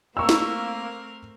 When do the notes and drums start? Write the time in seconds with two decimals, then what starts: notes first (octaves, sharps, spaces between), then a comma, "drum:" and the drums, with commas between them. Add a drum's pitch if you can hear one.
0.17 A3 A#3 C4 A#4 C#6 E6
0.29 drum: snare